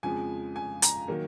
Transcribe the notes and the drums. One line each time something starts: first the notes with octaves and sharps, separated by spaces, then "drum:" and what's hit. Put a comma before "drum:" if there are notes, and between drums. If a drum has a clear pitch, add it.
F2 C#3 F3 G#3 G#5
G#5
A#5, drum: hi-hat
D#3 F#3 A#3